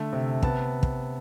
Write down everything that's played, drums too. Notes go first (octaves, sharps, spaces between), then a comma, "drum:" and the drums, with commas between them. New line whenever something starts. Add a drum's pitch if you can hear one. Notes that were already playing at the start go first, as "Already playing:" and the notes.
Already playing: D3 A3 A5
C3
B3 A5, drum: kick
drum: kick